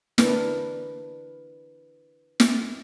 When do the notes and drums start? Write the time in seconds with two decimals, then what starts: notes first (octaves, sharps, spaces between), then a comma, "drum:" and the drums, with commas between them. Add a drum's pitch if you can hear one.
0.18 D4 E4 A#4 B4, drum: snare
2.40 drum: snare